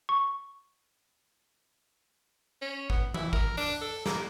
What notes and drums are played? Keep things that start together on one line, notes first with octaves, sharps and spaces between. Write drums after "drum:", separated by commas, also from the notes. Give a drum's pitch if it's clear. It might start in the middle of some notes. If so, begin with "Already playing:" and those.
C#6
C#4
B3, drum: kick
E4, drum: tom E3
A#4, drum: kick
D4, drum: open hi-hat
A4
A#3, drum: snare